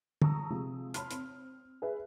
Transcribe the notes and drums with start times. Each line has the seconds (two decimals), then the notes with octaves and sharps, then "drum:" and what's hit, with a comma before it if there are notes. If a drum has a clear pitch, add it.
0.22 A5 A#5 C#6 D#6 E6, drum: tom
0.50 C3 F3 G#3
0.94 C#5 A5 B5 C6 F6, drum: hi-hat
1.11 C4, drum: hi-hat
1.82 G#4 B4 E5